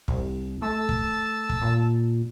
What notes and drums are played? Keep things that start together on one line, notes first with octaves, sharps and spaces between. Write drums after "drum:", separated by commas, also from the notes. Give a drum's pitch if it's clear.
C2, drum: kick
A3 A5 E6
drum: kick
drum: kick
A#2